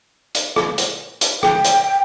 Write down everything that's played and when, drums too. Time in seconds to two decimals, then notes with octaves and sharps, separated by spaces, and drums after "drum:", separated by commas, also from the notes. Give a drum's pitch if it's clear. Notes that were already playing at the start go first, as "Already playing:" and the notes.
0.35 drum: hi-hat
0.56 drum: rim click
0.78 drum: hi-hat
1.21 drum: hi-hat
1.43 G5, drum: rim click
1.65 drum: hi-hat